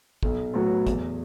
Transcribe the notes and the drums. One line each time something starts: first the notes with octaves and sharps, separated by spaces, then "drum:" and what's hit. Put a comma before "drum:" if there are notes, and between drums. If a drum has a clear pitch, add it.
B1, drum: kick
A2 F#3 B3 F#4
E2, drum: kick, hi-hat